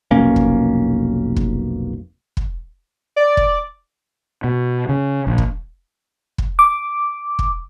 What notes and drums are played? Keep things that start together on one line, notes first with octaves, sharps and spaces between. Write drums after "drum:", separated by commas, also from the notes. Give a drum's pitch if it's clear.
F1 B1 A#3 C#4
drum: kick
drum: kick
drum: kick
D5
drum: kick
B2
C#3
A#1
drum: kick
drum: kick
D6
drum: kick